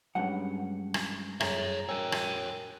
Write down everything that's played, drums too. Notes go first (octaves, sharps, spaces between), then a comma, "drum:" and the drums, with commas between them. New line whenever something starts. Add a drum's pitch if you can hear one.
G2 F#3 G#3 C#4 F#5
drum: rim click
F#2 G#4 C#5 E5 A#5, drum: rim click
A#4 C#5 G5 G#5 E6
drum: rim click